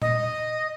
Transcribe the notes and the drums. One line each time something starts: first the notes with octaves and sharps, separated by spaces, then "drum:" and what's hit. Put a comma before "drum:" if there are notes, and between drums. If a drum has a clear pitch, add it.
D#5, drum: tom A#2